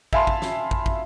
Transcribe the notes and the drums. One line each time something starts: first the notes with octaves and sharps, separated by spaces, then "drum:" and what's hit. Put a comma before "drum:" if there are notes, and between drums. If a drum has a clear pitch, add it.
E5 F5 G#5 A5 B5 C6, drum: kick
drum: kick
drum: snare
drum: kick
drum: kick